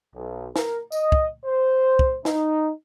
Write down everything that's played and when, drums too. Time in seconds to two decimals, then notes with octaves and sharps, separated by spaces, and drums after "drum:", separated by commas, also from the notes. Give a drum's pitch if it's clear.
0.15 B1
0.56 A#4, drum: snare
0.92 D#5, drum: tambourine
1.12 drum: kick
1.45 C5
1.99 drum: kick
2.25 D#4, drum: snare